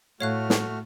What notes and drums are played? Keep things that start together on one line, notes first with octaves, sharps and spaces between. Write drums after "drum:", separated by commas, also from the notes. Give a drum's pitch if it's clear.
A2 A3 F#4 C#5 F5 F6 F#6
drum: snare